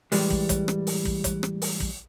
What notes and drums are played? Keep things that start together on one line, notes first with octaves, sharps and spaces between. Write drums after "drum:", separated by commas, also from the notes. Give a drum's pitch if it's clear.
A2 E3 G3 G#3, drum: open hi-hat
drum: kick
drum: kick, hi-hat
drum: rim click
drum: open hi-hat
drum: kick
drum: kick, hi-hat
drum: rim click
drum: open hi-hat
drum: kick